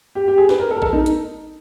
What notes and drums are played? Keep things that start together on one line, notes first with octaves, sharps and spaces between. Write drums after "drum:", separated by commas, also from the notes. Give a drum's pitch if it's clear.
G4
G4
G#4
B4, drum: snare
A#4
A4
A#4
A4, drum: kick A1
D#4
drum: hi-hat